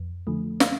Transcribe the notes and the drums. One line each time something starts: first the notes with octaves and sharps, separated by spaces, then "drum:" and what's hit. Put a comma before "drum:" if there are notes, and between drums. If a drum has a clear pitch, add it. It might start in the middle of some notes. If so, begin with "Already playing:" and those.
Already playing: F2
D3 F3 A3
F5, drum: snare